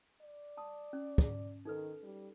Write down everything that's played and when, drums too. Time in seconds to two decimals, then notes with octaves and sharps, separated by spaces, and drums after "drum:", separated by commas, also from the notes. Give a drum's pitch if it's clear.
0.21 D5
0.57 A5 D#6
0.93 C#4
1.18 drum: kick
1.65 D#3 D#4 A4 B4
2.03 G3